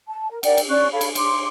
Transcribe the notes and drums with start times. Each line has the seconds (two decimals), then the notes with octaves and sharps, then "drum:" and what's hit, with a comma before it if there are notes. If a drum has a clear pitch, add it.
0.09 A5
0.31 A#4
0.43 A#4 D5 F#5 G5, drum: cymbal
0.58 drum: cymbal
0.68 C#4 D5 C#6 F#6
0.92 A4 C#5 F5 B5
1.01 drum: cymbal
1.15 C6 D6, drum: cymbal